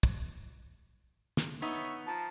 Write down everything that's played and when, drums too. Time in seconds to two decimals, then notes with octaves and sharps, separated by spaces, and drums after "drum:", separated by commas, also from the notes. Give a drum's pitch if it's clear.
0.03 drum: kick
1.37 drum: snare
1.62 B3 D#4 C#5 E5
2.07 F3 A5 A#5